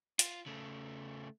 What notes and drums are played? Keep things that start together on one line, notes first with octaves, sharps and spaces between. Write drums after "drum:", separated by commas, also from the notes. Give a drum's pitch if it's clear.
F4, drum: hi-hat
C#3 A3